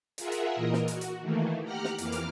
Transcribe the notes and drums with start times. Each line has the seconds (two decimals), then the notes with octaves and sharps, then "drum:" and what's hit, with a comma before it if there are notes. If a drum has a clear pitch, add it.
0.18 F4 G#4 A#4 E5 F#5, drum: hi-hat
0.32 drum: hi-hat
0.56 A#2 E3 A#4 D#5
0.73 drum: snare
0.88 F#4, drum: hi-hat
1.01 drum: hi-hat
1.21 D#3 E3 A3 A#3
1.64 G4 F#5 A#5 F6 F#6
1.84 drum: snare
1.98 F2 E3 A#3 D6 F6, drum: hi-hat
2.12 drum: hi-hat